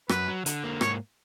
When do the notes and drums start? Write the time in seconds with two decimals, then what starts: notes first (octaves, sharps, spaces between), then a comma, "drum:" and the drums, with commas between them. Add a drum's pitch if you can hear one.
0.09 F#2 B4, drum: rim click
0.28 F#3
0.46 D3, drum: hi-hat
0.64 A#3
0.81 G#2 C#5, drum: rim click